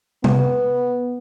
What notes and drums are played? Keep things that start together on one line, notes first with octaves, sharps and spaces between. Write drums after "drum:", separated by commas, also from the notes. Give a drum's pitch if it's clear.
B3, drum: tom C3